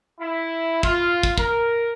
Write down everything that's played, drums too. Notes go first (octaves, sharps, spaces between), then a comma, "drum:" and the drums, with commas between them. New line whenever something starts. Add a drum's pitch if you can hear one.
E4
F4, drum: kick
drum: kick
A#4, drum: kick